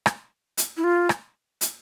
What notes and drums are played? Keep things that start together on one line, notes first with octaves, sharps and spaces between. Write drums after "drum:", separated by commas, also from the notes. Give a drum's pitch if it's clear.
drum: rim click
drum: hi-hat
E4
F4
drum: rim click
drum: hi-hat